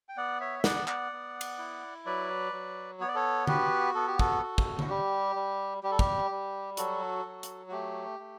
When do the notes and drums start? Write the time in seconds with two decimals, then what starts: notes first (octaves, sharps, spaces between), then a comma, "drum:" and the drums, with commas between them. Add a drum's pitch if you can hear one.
0.09 G5
0.17 B3 D5 F#5
0.41 C#5 E5
0.59 E5
0.64 B3 D5 F#5, drum: snare
0.88 D5 F#5, drum: clap
1.12 B3
1.41 drum: cymbal
1.58 E4
2.06 F#3 B4 D5
2.53 F#3
3.00 B3 C#5
3.08 D5
3.15 A4 C#5
3.47 F#4 G4 B4, drum: tom D3
3.94 B3 A4
4.07 G4
4.19 F#4 A4, drum: kick
4.42 F#4
4.58 drum: kick
4.79 drum: tom D3
4.89 G3 G4
5.36 G3
5.83 G3 G4
5.91 A4
5.99 G4, drum: kick
6.31 G3
6.77 F#3 F#4 A4, drum: hi-hat
7.25 F#3
7.43 drum: hi-hat
7.69 F#4
7.72 A3 G4
8.19 A3